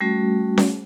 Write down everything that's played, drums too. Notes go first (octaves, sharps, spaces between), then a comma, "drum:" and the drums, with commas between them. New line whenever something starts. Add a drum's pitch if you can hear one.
G3 A3 C#4 F#4
drum: snare C#4